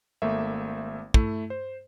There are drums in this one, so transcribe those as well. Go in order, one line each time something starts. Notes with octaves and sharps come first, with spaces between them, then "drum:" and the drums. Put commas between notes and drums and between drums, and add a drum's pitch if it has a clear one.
G#1 A3 A#3 E5
A3 E4, drum: kick
C5